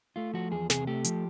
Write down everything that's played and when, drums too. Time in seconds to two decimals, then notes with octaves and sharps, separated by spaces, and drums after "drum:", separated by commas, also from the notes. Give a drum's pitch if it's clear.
0.16 A3 F4
0.34 F3 F#4
0.51 E2 G#4
0.70 C3 G#4, drum: snare
0.87 A3 G4
1.04 F3, drum: hi-hat